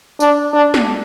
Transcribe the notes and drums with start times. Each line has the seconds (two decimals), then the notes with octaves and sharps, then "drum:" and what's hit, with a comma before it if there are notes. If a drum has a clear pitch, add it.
0.20 D4, drum: tambourine
0.53 D4
0.74 drum: snare